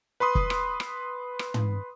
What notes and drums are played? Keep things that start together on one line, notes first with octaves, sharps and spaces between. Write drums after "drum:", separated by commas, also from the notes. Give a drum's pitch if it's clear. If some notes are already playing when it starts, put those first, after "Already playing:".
B4 B5 C6 D#6
drum: kick
drum: rim click
drum: rim click
drum: rim click
drum: tom